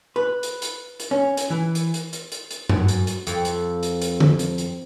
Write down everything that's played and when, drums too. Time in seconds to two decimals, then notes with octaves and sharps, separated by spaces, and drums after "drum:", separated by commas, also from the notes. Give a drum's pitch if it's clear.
0.16 B4
0.43 drum: hi-hat
0.62 drum: hi-hat
1.00 drum: hi-hat
1.11 C#4
1.37 drum: hi-hat
1.50 E3
1.75 drum: hi-hat
1.94 drum: hi-hat
2.13 drum: hi-hat
2.32 drum: hi-hat
2.51 drum: hi-hat
2.69 F#2, drum: tom G2
2.88 drum: hi-hat
3.07 drum: hi-hat
3.27 F2, drum: hi-hat
3.45 drum: hi-hat
3.83 drum: hi-hat
4.02 drum: hi-hat
4.20 drum: tom
4.39 drum: hi-hat
4.58 drum: hi-hat